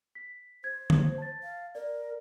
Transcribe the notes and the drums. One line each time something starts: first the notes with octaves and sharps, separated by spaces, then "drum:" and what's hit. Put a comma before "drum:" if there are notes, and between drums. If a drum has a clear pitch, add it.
B6
C5 G#6
drum: tom D3
A5 A6
F5
A#4 D5